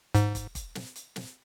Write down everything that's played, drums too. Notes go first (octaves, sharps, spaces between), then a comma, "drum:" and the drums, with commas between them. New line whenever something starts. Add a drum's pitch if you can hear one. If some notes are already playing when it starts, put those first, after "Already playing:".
G#2, drum: hi-hat
drum: kick, hi-hat
drum: kick, hi-hat
drum: snare
drum: hi-hat
drum: snare